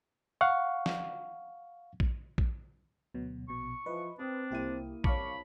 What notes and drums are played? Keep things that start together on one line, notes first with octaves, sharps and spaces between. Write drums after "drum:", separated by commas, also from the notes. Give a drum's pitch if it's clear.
F5 F#5 C#6
drum: snare
drum: kick A#1
drum: kick A#1
D2 B2 F#3
A#1 B2 C#6
E3 F3 B4 D#5
C4 D4 D#6
C2 A#3 E4 G4 D#7
C2 C#5 F5 A5 B5 C#6 D6, drum: kick A#1